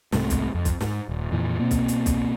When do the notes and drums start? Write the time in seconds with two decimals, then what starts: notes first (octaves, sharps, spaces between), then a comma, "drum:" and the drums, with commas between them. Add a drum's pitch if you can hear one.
0.12 C2 G#2 C3 A3, drum: snare
0.30 drum: kick, hi-hat
0.55 F2
0.65 drum: kick, hi-hat
0.81 G#2, drum: snare
1.09 D#1
1.32 F2 A#2 E3 F3
1.59 B2 A#3 C4
1.71 drum: kick, hi-hat
1.88 drum: hi-hat
2.06 drum: kick, hi-hat